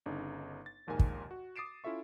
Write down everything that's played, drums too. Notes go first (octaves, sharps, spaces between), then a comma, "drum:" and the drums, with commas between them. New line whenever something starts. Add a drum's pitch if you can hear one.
G1 C#3 D4 D#4
A6
A#1 D#2 G#2 A#4 G#5
drum: kick
F#4
D6 D#6 A6 C7 D7 E7
C#4 E4 F4 A4 E5 C#6